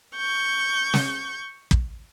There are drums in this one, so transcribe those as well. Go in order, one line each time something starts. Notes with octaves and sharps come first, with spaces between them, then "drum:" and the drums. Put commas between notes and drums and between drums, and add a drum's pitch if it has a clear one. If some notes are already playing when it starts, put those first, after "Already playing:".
C#6 G6
drum: snare
drum: kick